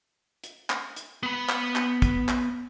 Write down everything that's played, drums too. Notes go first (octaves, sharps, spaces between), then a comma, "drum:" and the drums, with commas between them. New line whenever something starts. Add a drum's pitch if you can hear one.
drum: hi-hat
drum: clap
drum: hi-hat
B3 B5
drum: clap
drum: clap
drum: kick, hi-hat
drum: clap